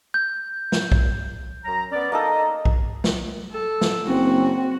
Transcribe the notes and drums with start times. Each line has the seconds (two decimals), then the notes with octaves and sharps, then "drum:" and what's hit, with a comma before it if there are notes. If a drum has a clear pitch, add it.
0.14 G6
0.72 drum: snare
0.92 drum: kick B1
1.65 F#2 F#3 A#5
1.91 B3 C#4 D5
2.12 A#3 D#4 A4 D#5
2.65 drum: kick B1
3.04 drum: snare
3.52 A4
3.81 drum: snare
4.07 F#1 C4 F#4